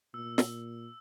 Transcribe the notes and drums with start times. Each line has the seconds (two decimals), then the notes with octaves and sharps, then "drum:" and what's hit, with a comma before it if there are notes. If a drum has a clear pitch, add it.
0.14 A#2 E6
0.38 drum: snare